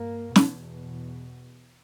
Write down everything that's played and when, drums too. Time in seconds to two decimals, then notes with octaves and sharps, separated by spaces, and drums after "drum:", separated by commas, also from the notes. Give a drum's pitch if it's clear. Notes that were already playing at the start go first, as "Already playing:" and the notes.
Already playing: G2 A#3
0.36 E2 B2, drum: snare